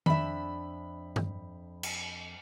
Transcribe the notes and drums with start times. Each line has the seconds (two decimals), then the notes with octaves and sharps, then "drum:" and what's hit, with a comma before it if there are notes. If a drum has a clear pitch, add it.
0.06 F2 D4 E5 B5, drum: tom D#3
1.16 drum: tom G2
1.83 drum: cymbal